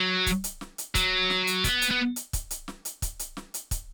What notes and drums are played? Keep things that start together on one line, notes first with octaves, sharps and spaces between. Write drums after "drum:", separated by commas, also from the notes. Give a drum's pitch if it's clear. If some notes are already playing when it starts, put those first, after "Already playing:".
Already playing: F#3
drum: kick, hi-hat
drum: hi-hat
drum: snare
drum: hi-hat
F#3, drum: kick, hi-hat
drum: snare
drum: hi-hat
B3, drum: kick, hi-hat
drum: hi-hat
B3
drum: hi-hat
drum: kick, hi-hat
drum: hi-hat
drum: snare
drum: hi-hat
drum: kick, hi-hat
drum: hi-hat
drum: snare
drum: hi-hat
drum: kick, hi-hat